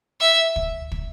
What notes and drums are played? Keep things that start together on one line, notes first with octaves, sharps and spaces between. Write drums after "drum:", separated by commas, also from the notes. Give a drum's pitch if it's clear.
E5
drum: kick
drum: kick